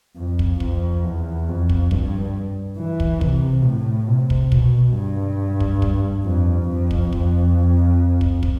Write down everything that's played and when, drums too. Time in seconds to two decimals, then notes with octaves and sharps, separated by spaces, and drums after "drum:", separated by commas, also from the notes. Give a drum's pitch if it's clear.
0.17 F2
0.39 drum: kick
0.60 F2, drum: kick
1.04 E2
1.48 F2
1.69 drum: kick
1.91 G2, drum: kick
2.78 E3
3.00 drum: kick
3.21 C3, drum: kick
3.64 A2
4.08 C3
4.30 drum: kick
4.52 B2, drum: kick
4.96 G2
5.60 drum: kick
5.82 drum: kick
6.25 F2
6.69 F2
6.91 drum: kick
7.13 F2, drum: kick
8.21 drum: kick
8.43 drum: kick